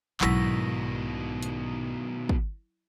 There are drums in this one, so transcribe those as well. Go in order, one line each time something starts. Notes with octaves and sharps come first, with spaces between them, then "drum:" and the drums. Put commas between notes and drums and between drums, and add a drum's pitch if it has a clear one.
B1 G#2 B2 D#3 F#3 E4 A#6, drum: clap
drum: hi-hat
drum: kick